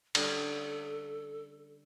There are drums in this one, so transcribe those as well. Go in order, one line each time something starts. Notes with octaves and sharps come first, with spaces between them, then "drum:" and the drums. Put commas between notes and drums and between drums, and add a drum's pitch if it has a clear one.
D3 G3 C#4 A4, drum: cymbal